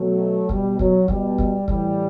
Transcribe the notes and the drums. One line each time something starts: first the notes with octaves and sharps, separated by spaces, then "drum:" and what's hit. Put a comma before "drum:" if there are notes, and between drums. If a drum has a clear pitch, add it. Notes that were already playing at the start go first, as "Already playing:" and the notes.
Already playing: B2 F#3 A3
B2 G3, drum: kick
F#3, drum: kick
B2 G3, drum: kick
drum: kick
A2 E3 G3, drum: kick